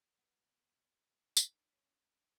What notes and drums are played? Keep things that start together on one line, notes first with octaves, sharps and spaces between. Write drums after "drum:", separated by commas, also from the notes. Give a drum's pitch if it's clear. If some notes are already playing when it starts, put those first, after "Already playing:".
B3
D4 D#4, drum: tambourine
C#4